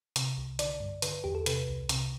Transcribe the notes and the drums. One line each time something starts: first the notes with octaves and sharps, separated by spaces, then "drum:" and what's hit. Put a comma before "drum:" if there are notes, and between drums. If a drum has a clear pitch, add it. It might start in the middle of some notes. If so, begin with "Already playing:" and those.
C3, drum: hi-hat
C2
D3 D5, drum: hi-hat
G2
D3 B4, drum: hi-hat
E2 G4
A4
C3 B4, drum: hi-hat
C2
C3, drum: hi-hat